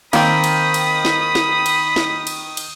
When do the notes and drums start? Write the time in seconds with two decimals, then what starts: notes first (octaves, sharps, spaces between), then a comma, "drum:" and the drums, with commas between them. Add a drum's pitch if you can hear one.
0.13 D#3 A#3 C4 B5 D#6, drum: cymbal
0.44 drum: cymbal
0.74 drum: cymbal
1.05 drum: snare
1.35 drum: snare
1.66 drum: cymbal
1.96 drum: snare
2.27 drum: cymbal
2.57 drum: cymbal